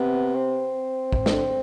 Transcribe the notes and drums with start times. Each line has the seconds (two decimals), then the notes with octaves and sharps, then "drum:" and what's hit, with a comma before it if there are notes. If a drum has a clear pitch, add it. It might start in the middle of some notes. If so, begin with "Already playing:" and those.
Already playing: C3 B3
0.35 C4
1.13 drum: kick
1.26 D3, drum: snare